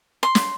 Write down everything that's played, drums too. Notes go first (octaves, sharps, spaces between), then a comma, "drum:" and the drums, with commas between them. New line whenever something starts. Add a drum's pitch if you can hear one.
C6
drum: snare